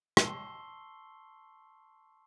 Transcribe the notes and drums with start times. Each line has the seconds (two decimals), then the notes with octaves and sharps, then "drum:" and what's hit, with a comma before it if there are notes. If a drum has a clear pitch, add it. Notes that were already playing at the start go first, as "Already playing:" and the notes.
0.17 A5 C6 C#6 E6 C7 G7, drum: rim click